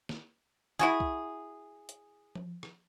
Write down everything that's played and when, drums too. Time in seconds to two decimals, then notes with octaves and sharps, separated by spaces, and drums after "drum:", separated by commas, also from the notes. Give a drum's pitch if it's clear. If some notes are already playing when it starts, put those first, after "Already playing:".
0.09 drum: snare
0.79 E4 F#4 G#4, drum: snare
1.00 drum: kick B1
1.89 drum: hi-hat
2.35 drum: tom F3
2.63 drum: rim click